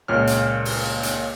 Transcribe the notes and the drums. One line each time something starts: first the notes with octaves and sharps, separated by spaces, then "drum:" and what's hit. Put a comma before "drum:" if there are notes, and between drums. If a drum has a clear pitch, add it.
C#2 A#2 C#5 F6
drum: hi-hat
drum: open hi-hat
drum: hi-hat